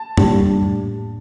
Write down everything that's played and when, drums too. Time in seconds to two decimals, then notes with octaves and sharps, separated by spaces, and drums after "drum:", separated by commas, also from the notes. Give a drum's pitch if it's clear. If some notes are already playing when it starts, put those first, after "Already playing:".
Already playing: A5
0.17 G3 A#3 D4 G4, drum: tom F2
0.62 A2